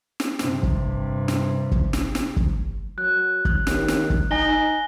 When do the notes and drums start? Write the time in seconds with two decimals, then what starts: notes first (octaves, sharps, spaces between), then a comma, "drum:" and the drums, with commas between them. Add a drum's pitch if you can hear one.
0.20 drum: snare
0.39 G2 C3, drum: snare
0.63 drum: kick
1.28 drum: snare
1.71 drum: kick
1.93 drum: snare
2.15 drum: snare
2.37 drum: kick
2.98 F#3 F#6
3.45 drum: kick
3.67 D#2, drum: snare
3.88 drum: snare
4.10 drum: kick
4.31 D#4 G#5 A#6 G7